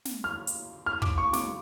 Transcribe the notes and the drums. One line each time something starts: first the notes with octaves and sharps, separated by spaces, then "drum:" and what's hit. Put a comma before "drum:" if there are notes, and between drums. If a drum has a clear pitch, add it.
drum: snare
F6
drum: hi-hat
F6
D6, drum: kick
C#6
D6, drum: snare